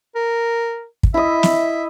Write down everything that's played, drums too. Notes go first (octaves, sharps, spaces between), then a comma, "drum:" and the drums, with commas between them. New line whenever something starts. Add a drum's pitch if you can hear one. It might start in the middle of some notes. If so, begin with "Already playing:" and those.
A#4
drum: kick
E4 D#5 E5
drum: snare